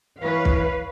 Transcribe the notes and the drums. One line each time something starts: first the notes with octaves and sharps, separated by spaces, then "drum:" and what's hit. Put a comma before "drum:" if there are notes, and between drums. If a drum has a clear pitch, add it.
E3 B4 C#5 F5
drum: kick